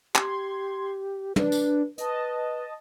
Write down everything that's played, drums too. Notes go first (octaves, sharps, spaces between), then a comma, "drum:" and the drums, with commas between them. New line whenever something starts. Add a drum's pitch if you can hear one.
G4 C6 G#6, drum: clap
D4 B4, drum: tom
drum: tambourine
B4 D#5 A5, drum: hi-hat